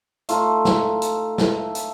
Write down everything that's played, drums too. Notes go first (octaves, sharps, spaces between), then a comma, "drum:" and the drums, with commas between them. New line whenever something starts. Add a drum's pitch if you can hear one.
A3 D#4 F4, drum: hi-hat
drum: snare
drum: hi-hat
drum: snare
drum: hi-hat